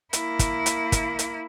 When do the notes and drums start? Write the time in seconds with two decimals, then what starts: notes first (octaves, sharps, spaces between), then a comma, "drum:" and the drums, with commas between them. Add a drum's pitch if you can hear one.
0.13 A#3 E4, drum: hi-hat
0.39 drum: kick, hi-hat
0.66 drum: hi-hat
0.92 drum: kick, hi-hat
1.19 drum: hi-hat